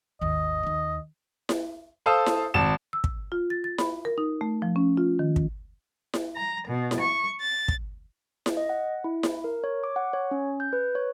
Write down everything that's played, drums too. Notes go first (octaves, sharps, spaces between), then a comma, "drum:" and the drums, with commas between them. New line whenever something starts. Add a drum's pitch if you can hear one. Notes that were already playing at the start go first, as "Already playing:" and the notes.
G#1 D#2 D#5
D#2 D#4
drum: snare E4
A4 C5 F5 A5 D#6 E6
drum: snare E4
G#1 A5 E7
E6
drum: kick
F4
A6
A6
B5, drum: snare E4
A#4
D#4
A3
F3
C#4
F4
D#3
drum: kick
drum: snare E4
A#5
B2
drum: snare E4
C#6
A6
drum: kick
drum: snare E4
D#5
F#5
E4
drum: snare E4
A#4
C#5
D6
F#5
C#5
C#4
G6
B4
C#5